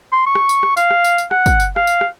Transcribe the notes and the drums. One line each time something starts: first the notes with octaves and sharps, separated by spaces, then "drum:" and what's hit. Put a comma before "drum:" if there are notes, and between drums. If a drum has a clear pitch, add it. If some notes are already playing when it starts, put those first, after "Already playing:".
C6
C#6
drum: rim click
drum: tambourine
drum: rim click
F5, drum: tambourine
drum: rim click
drum: tambourine
drum: tambourine
F#5, drum: rim click
drum: kick, tambourine
drum: tambourine
F5, drum: rim click
drum: tambourine
drum: rim click